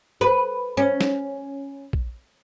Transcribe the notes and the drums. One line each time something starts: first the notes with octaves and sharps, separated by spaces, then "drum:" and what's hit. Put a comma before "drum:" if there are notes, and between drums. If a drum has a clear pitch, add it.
B4
C#4
drum: snare
drum: kick A#1